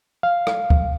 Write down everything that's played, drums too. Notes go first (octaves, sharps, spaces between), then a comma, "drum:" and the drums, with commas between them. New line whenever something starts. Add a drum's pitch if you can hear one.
F5
drum: rim click
drum: kick C#2